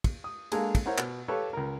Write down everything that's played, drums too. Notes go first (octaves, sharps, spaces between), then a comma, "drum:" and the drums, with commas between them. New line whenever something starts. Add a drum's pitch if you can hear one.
drum: kick, cymbal
D#6
G#3 A#3 D4 G#4 A4 F5, drum: cymbal
drum: kick, cymbal
E4 A#4 C5 C#5 F#5
B2, drum: clap
G4 A4 B4 C#5 F5 C#6
C#2 A#4